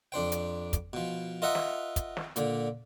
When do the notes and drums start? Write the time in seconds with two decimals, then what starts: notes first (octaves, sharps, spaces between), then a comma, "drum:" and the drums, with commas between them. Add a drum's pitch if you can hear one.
0.12 F2 D4 C5 G5
0.32 drum: hi-hat
0.73 drum: kick, hi-hat
0.93 B2 F3
1.42 F4 A#4 D#5 E5 F#5
1.55 drum: snare
1.96 drum: kick, hi-hat
2.17 drum: snare
2.36 A#2 D3, drum: hi-hat